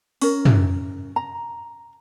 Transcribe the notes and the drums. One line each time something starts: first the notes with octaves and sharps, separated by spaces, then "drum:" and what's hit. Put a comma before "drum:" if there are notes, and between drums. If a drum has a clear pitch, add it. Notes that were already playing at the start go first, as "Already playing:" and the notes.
C#4 A#4, drum: open hi-hat
drum: tom
A#5